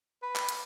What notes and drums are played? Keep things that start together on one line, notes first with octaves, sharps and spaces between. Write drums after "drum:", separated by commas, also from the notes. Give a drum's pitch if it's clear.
B4
drum: clap
drum: hi-hat